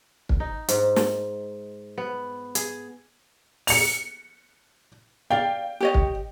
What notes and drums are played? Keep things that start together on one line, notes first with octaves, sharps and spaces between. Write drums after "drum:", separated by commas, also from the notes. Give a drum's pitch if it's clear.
drum: kick
D#4
G#2, drum: hi-hat
drum: snare
B3
G#4, drum: hi-hat
C#7 F7, drum: open hi-hat
D5 F5 G5
G4 C#5 D#5
drum: kick